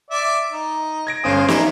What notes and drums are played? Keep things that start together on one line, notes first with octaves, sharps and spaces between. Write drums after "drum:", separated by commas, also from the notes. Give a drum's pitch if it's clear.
D5 E5
D#4
G#6 A#6 D7
G1 C#4 G#4 C5 F5 D#6
A3 D4 D#4 E5 G#5, drum: snare